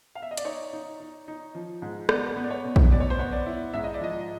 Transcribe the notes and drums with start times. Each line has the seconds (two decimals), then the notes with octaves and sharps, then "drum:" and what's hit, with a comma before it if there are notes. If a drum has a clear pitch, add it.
0.15 F5
0.22 E5
0.31 D#5
0.37 D5, drum: hi-hat
0.45 D#4 C#5
0.73 D#4
1.00 D#4
1.28 D#4
1.55 F3
1.82 G#2
2.09 B3 D5, drum: rim click
2.36 B3
2.44 D5
2.50 C#5
2.64 B2
2.76 drum: kick A#1
2.91 B2 D5
3.00 C#5
3.10 C5
3.18 B3 C#5
3.32 D5
3.46 E4
3.73 G#2 E5
3.84 D#5
3.94 D5
4.00 F3 D#5